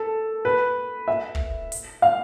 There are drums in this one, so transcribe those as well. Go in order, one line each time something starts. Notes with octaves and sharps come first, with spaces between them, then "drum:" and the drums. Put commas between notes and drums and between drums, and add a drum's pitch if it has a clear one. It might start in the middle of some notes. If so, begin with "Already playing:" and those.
Already playing: A4
B4
E5
drum: kick
drum: hi-hat
F5